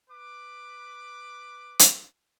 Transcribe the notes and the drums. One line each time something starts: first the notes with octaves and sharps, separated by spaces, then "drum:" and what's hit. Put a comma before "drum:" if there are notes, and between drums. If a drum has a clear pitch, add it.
B4 D6
drum: hi-hat